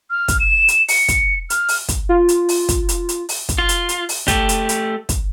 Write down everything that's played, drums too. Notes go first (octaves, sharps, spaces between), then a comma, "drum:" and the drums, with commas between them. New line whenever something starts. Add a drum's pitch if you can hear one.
F6
drum: kick, hi-hat
E7
drum: hi-hat
C#7, drum: open hi-hat
drum: kick, hi-hat
F6, drum: hi-hat
drum: open hi-hat
drum: kick, hi-hat
F4
drum: hi-hat
drum: open hi-hat
drum: kick, hi-hat
drum: hi-hat
drum: hi-hat
drum: open hi-hat
drum: kick, hi-hat
F4
drum: hi-hat
drum: hi-hat
drum: open hi-hat
A3 G4, drum: kick, hi-hat
drum: hi-hat
drum: hi-hat
drum: kick, hi-hat